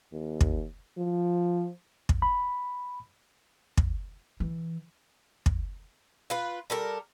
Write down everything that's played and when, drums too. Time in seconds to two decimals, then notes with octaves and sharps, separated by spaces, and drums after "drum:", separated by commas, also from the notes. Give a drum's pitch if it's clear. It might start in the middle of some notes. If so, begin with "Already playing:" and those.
0.12 D#2
0.41 drum: kick
0.97 F3
2.09 drum: kick
2.22 B5
3.77 drum: kick
4.40 E3
5.46 drum: kick
6.30 F4 B4
6.70 G3 A4 A#4